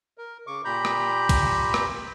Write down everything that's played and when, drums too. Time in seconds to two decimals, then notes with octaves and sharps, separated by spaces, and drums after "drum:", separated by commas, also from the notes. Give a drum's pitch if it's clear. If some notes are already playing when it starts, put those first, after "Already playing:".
0.18 A#4
0.47 C#3 C#6 D6
0.65 A#2 G4 A#5 B5 G6
0.85 drum: rim click
1.29 drum: kick B1, cymbal
1.74 drum: rim click